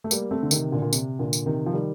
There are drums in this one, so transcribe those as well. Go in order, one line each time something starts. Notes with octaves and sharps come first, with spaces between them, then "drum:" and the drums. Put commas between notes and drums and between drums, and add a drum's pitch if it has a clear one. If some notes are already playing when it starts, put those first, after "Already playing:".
A3
G3 A#3, drum: tambourine
A3 C4
D3
C3 D#3, drum: tambourine
A#2 D3
A#2
C3, drum: tambourine
A#2 D3
drum: tambourine
C3 D#3
F3
D#3 G3